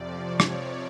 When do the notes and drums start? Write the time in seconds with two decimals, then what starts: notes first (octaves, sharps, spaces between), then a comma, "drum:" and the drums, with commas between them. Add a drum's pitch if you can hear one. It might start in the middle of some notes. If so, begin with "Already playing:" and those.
Already playing: F2 C3 F3 D5
0.23 C#5
0.40 drum: rim click